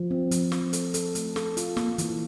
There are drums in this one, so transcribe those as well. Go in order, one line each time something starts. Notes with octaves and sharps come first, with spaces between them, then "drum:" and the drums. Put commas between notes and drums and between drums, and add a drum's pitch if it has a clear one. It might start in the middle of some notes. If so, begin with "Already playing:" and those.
Already playing: F3
C4
F3, drum: hi-hat
C4, drum: snare
A4, drum: hi-hat
A4, drum: hi-hat
A3, drum: hi-hat
A4, drum: snare
F4, drum: hi-hat
A#3, drum: snare
E3, drum: hi-hat